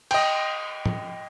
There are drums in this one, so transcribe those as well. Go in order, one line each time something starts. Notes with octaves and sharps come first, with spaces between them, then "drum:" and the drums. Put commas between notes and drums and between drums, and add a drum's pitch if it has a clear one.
D#5 G5, drum: cymbal
drum: tom